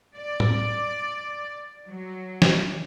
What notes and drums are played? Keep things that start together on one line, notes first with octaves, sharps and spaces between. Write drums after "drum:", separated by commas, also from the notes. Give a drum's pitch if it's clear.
D5
drum: tom A2
F#3
drum: snare